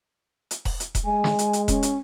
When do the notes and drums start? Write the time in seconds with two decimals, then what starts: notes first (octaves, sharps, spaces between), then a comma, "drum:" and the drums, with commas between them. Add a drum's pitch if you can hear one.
0.51 drum: hi-hat
0.65 drum: kick E1, open hi-hat
0.80 drum: hi-hat
0.95 drum: kick E1, hi-hat
1.05 G#3 G#5
1.24 drum: snare
1.39 drum: hi-hat
1.53 drum: hi-hat
1.68 C#4, drum: kick E1, hi-hat
1.83 drum: hi-hat